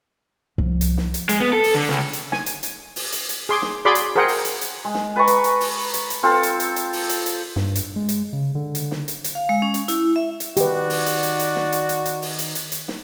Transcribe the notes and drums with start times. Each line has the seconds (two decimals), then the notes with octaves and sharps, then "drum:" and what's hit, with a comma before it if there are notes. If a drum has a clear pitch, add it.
0.58 C2 F3
0.81 drum: hi-hat
0.97 drum: snare
1.14 drum: hi-hat
1.29 G#3, drum: hi-hat
1.40 B3
1.53 A4
1.64 drum: open hi-hat
1.75 D3
1.89 C#2
2.13 drum: hi-hat
2.32 G#5, drum: snare
2.46 drum: hi-hat
2.63 drum: hi-hat
2.96 drum: open hi-hat
3.12 drum: hi-hat
3.29 drum: hi-hat
3.49 G#4 C6 D6
3.62 drum: snare
3.85 F#4 G#4 D5 B5 C6 D6
3.95 drum: hi-hat
4.16 G#4 A#4 C5 F#5 G5
4.28 drum: open hi-hat
4.45 drum: hi-hat
4.61 drum: hi-hat
4.84 G#3
4.94 drum: snare
5.16 B4 A5 A#5 C#6
5.27 drum: hi-hat
5.44 drum: hi-hat
5.61 drum: open hi-hat
5.94 drum: hi-hat
6.10 drum: hi-hat
6.23 C4 F4 A4
6.43 drum: hi-hat
6.60 drum: hi-hat
6.76 drum: hi-hat
6.93 drum: open hi-hat
7.09 drum: hi-hat
7.26 drum: hi-hat
7.56 G2, drum: snare
7.76 drum: hi-hat
7.96 G#3
8.09 drum: hi-hat
8.33 C#3
8.55 D3
8.75 drum: hi-hat
8.91 drum: snare
9.08 drum: hi-hat
9.24 drum: hi-hat
9.35 F5
9.49 G#3
9.62 C#4
9.74 drum: hi-hat
9.88 E4, drum: hi-hat
10.16 E5
10.40 drum: hi-hat
10.57 D#3 F#4 G4 B4 D5, drum: hi-hat
10.90 drum: open hi-hat
11.06 drum: hi-hat
11.23 drum: hi-hat
11.39 drum: hi-hat
11.56 drum: snare
11.72 drum: hi-hat
11.89 drum: hi-hat
12.06 drum: hi-hat
12.22 drum: open hi-hat
12.39 drum: hi-hat
12.55 drum: hi-hat
12.72 drum: hi-hat
12.88 drum: snare